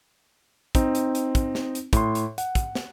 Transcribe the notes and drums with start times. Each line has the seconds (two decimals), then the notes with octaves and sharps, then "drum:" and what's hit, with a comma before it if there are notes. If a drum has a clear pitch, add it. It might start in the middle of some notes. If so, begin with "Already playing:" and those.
0.75 C4 D#4, drum: kick, hi-hat
0.95 drum: hi-hat
1.15 drum: hi-hat
1.35 drum: kick, hi-hat
1.55 drum: snare
1.75 drum: hi-hat
1.93 A2 C6, drum: kick, hi-hat
2.15 drum: hi-hat
2.38 F#5, drum: hi-hat
2.55 drum: kick, hi-hat
2.75 drum: snare